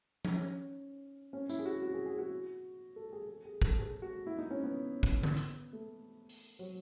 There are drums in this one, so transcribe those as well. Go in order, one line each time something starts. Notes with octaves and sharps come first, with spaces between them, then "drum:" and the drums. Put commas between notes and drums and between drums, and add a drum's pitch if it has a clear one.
D#4, drum: tom F3
C#4
C#4
E4, drum: tambourine
G#4
F#4
F#4
G#4
G#4
F#4
A4
G#4
A4
G#4
A4, drum: kick
G#4
F#4
E4
D#4
C#4
B3
drum: kick
drum: tom D3
drum: hi-hat
A3
drum: open hi-hat
F#3